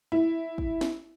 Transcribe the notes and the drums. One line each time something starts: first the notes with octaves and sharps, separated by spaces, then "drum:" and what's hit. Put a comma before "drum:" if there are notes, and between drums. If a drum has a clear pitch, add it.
E4
drum: kick
drum: snare